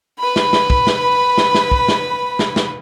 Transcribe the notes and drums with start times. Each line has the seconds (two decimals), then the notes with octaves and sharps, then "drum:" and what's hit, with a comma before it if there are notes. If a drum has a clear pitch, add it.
0.19 B4 B5
0.36 drum: snare
0.53 drum: snare
0.70 drum: kick
0.87 drum: snare
1.38 drum: snare
1.55 drum: snare
1.71 drum: kick
1.88 drum: snare
2.39 drum: snare
2.56 drum: snare